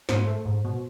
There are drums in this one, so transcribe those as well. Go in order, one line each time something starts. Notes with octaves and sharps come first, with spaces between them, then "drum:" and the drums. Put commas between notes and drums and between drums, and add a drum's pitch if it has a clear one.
G#2 C5, drum: snare
A3
G#2
B2